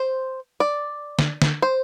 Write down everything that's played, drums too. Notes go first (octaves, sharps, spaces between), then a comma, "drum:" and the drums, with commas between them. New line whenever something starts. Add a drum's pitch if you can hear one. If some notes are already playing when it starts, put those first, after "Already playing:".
Already playing: C5
D5
drum: snare
drum: snare
C5